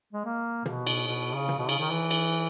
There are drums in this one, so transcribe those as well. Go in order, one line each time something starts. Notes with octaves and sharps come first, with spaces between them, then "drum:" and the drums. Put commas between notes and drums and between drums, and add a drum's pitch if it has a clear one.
G#3
A#3
B2, drum: tom
drum: cymbal
B2
C#3
drum: tom
B2
C#3, drum: cymbal
D#3
E3
drum: cymbal